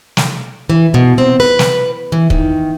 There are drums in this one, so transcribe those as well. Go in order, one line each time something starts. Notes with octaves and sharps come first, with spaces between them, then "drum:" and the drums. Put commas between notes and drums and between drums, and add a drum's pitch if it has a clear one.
drum: snare
E3
B2
C4
B4
drum: snare
E3
D#3, drum: kick